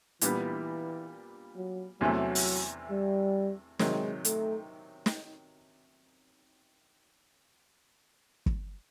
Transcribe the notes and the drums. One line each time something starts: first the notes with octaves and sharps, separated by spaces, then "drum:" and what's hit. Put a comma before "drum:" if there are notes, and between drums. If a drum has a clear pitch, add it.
A#2 E3 G3 B3, drum: hi-hat
F#3
E2 C3 E3 F#3 A3
drum: open hi-hat
G3
C3 D#3 F#3 G#3, drum: snare
A3, drum: hi-hat
drum: snare
drum: kick